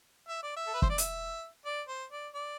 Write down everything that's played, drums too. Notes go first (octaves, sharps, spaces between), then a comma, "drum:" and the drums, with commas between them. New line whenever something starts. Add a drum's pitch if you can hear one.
E5
D5
E5
A4
B4
C5, drum: kick
D5
E5, drum: hi-hat
D5
C5
D5
D5